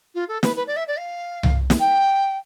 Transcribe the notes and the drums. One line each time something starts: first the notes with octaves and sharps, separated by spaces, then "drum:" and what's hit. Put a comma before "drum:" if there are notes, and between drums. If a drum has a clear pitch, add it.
F4
A4
B4, drum: snare
B4
D5
E5
D5
F5
drum: tom C2
drum: snare
G5